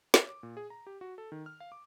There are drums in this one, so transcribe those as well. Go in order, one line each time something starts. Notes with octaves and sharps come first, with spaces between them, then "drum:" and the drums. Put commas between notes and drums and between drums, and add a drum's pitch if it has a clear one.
C#5, drum: snare
D6
A#2
G#4
A#5
G4
F#4
A4
D#3
F6
F5
D6